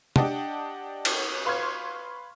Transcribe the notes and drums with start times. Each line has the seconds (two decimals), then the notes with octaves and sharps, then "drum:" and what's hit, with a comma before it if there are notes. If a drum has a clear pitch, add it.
0.16 D4 G4 D#5 F#5 G5 A5, drum: tom
1.05 drum: cymbal
1.45 B4 F5 C6 C#6 F6 G#6